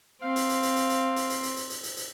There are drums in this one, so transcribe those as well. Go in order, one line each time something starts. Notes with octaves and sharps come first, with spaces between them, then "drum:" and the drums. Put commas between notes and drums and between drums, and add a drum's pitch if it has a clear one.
C4 F5
drum: hi-hat
drum: hi-hat
drum: hi-hat
drum: hi-hat
drum: hi-hat
drum: hi-hat
drum: hi-hat
drum: hi-hat
drum: hi-hat
drum: hi-hat
drum: hi-hat
drum: hi-hat